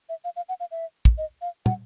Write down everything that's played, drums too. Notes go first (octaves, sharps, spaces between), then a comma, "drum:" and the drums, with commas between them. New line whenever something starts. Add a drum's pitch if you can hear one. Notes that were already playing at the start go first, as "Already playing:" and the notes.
E5
F5
F5
F#5
F5
E5
drum: kick
D#5
F5
F#5, drum: tom